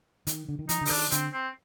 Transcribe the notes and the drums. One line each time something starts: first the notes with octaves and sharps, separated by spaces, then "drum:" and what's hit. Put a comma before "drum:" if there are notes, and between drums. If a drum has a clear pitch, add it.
D#3, drum: hi-hat
D3
D#3
E3 D#4, drum: hi-hat
D3
D#4, drum: open hi-hat
D#3 D4
D3 C4, drum: hi-hat
C4